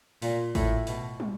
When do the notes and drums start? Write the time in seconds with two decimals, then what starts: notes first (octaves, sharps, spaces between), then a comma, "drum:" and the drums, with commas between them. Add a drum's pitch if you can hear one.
0.22 A#2, drum: open hi-hat
0.55 A2, drum: kick G#1, open hi-hat
0.87 B2, drum: open hi-hat
1.20 drum: tom